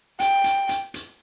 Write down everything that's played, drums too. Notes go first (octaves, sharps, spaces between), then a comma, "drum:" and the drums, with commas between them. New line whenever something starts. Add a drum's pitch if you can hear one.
G5, drum: hi-hat
drum: hi-hat
drum: hi-hat
drum: hi-hat